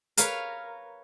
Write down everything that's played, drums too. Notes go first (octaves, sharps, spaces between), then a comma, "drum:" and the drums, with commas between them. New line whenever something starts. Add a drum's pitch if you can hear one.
A#4 B4 C#5 F5 A#5, drum: hi-hat